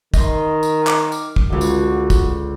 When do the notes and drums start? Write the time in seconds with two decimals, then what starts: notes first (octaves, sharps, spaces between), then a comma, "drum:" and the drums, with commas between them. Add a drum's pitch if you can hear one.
0.14 D#3 D#5 C6, drum: kick, tambourine
0.63 drum: tambourine
0.87 D6 F6, drum: clap
1.12 drum: tambourine
1.36 drum: kick
1.50 C#2 D3 F#4
1.61 drum: tambourine
2.10 drum: kick, tambourine